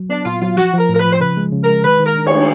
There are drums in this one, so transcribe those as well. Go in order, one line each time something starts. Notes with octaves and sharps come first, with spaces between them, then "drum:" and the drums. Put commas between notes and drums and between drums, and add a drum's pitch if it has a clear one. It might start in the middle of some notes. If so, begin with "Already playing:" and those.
Already playing: F#3
B3 D4
A#2 F4
F#3 F4
F3 F#4, drum: hi-hat
F3 A#4
A2
A#4
B4
F3
C5
C#3 B4
G#3
C#3
A#4
G#3
D#3 B4
D#3
A#4
D4
C#5, drum: cymbal
A3